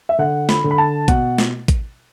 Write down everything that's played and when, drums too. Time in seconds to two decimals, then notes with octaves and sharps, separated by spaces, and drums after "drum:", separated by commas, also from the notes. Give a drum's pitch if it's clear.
0.09 E5
0.18 D3 F#5
0.49 B5, drum: snare
0.64 D3
0.71 B5
0.78 A5
1.08 B2 F#5, drum: kick A1, hi-hat
1.38 drum: snare
1.68 drum: kick A1, hi-hat